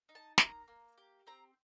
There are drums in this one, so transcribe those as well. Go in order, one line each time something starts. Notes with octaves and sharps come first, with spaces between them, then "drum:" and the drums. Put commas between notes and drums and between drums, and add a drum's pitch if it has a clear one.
D#4
A5
A#3 A#5, drum: snare
A#3
G4
C4 A#5